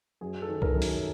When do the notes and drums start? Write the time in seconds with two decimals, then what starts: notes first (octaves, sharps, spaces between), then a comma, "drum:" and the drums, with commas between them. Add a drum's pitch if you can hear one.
0.21 F#2 G#4
0.42 A4
0.49 D#3
0.62 A#4, drum: kick C2
0.75 F#2
0.82 A4, drum: open hi-hat